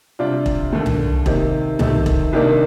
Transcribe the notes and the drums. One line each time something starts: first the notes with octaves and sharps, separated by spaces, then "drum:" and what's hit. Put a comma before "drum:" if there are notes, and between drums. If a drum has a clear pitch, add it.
C3 G3 D4 F4
drum: kick E1
D#2 D3 A3
drum: tom C2
C3 D#3 A#3, drum: kick E1
C3 D#3 A3, drum: tom C2
drum: kick E1
C2 C3 D#3 A#3 D4